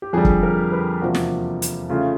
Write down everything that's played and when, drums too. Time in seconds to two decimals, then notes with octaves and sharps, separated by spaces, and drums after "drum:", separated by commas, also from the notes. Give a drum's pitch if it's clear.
0.02 G4
0.13 F2 D3 G3 G#4
0.25 drum: kick
0.43 A#4
0.72 B4
1.02 E2 C3 F3 A#3 D4 F#4
1.15 drum: snare
1.62 drum: hi-hat
1.89 C#3 E3 A3 C#4 F4